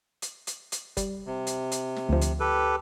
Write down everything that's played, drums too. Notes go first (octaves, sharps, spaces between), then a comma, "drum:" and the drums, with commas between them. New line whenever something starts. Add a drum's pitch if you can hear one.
drum: hi-hat
drum: hi-hat
drum: hi-hat
G3, drum: kick G1, hi-hat
C3
drum: hi-hat
drum: hi-hat
drum: snare
D2 F3
drum: hi-hat
G4 A4 B4